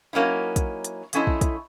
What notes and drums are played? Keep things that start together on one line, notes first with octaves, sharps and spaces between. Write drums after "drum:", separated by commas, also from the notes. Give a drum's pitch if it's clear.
F#3 A#3 C#4 D#4 E4
drum: kick, hi-hat
drum: hi-hat
F3 A3 C#4 D4 E4 D#5, drum: hi-hat
drum: kick
drum: kick, hi-hat